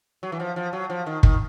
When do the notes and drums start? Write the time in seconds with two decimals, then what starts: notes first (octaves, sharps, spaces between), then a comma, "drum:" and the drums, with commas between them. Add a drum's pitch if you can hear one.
0.23 F#3
0.32 E3
0.40 F3
0.56 F3
0.73 F#3
0.90 F3
1.06 D#3
1.23 D#3, drum: kick